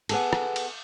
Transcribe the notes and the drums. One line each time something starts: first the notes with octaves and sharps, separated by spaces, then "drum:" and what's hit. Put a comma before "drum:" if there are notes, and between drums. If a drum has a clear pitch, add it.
B3 G#4 A4, drum: cymbal
drum: rim click
drum: cymbal